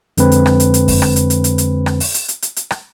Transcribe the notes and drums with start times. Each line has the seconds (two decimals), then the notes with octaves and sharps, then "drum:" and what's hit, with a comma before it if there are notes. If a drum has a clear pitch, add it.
0.17 F2 D3 G#3 C4 B4, drum: hi-hat
0.32 drum: hi-hat
0.46 drum: rim click
0.60 drum: hi-hat
0.74 drum: hi-hat
0.88 drum: kick F#2, open hi-hat
1.02 drum: rim click
1.16 drum: hi-hat
1.30 drum: hi-hat
1.44 drum: hi-hat
1.58 drum: hi-hat
1.86 drum: rim click
2.00 drum: open hi-hat
2.14 drum: hi-hat
2.28 drum: hi-hat
2.42 drum: hi-hat
2.56 drum: hi-hat
2.71 drum: rim click